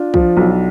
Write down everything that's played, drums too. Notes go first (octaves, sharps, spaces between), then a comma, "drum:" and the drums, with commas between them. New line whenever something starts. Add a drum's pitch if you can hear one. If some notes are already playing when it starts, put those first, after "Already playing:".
Already playing: D4 F4
F3, drum: kick
B1